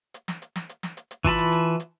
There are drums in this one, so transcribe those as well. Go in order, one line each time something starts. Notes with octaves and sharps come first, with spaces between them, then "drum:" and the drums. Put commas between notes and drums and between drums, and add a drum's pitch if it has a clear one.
drum: hi-hat
drum: snare
drum: hi-hat
drum: snare
drum: hi-hat
drum: snare
drum: hi-hat
drum: hi-hat
E3 F4 A5 B5, drum: kick G#1, hi-hat
drum: hi-hat
drum: hi-hat
drum: hi-hat